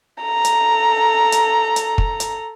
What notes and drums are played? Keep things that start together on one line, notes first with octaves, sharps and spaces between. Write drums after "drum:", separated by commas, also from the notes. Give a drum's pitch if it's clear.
A4 A#5
drum: hi-hat
drum: hi-hat
drum: hi-hat
drum: kick
drum: hi-hat